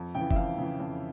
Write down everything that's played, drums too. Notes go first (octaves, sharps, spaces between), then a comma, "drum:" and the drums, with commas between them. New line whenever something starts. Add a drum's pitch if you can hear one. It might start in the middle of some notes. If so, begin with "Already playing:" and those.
Already playing: F2
C#3 E3 G5
E5, drum: kick F#1
F2 F5
C#3 E3
F2